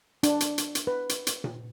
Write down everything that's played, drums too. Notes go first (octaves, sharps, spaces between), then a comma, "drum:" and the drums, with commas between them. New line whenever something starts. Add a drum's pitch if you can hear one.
D4, drum: hi-hat
drum: hi-hat
drum: hi-hat
drum: hi-hat
B4
drum: hi-hat
drum: hi-hat
drum: tom A#2